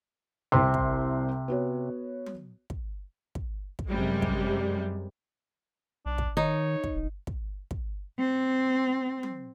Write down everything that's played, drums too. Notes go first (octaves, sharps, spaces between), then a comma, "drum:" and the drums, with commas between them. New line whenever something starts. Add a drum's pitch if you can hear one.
C2 C3 C4 C6
drum: kick
B3 F#4 C#5
drum: tom F#3
drum: kick
drum: kick
drum: kick
F#2 C3 G3 G#3
drum: kick
B1 D4
drum: kick
D#3 D#4 C#5
drum: kick
D#1
drum: kick
drum: kick
C4
drum: tom F#3